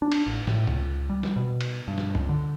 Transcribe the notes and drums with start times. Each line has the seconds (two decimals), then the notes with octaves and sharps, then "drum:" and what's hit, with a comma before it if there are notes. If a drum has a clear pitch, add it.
0.02 D4
0.12 drum: cymbal
0.27 A1
0.47 A2, drum: snare
0.67 C#2, drum: tom C3
1.09 G3
1.23 drum: snare
1.36 B2
1.61 drum: cymbal
1.88 G2
1.98 drum: snare
2.15 C#2, drum: tom G#2
2.29 D3